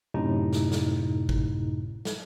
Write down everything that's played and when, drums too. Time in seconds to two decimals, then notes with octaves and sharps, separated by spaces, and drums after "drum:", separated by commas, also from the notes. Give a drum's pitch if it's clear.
0.14 F#2 A2 C3 D#4
0.53 drum: snare
0.72 drum: snare
1.29 drum: kick G#1
2.05 drum: snare